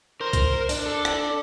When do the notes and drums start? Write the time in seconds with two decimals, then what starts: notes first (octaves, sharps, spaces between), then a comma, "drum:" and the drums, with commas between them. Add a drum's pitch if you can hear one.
0.21 A#4 C5
0.33 drum: kick C2, hi-hat
0.69 D4, drum: open hi-hat
0.86 A4
1.05 drum: rim click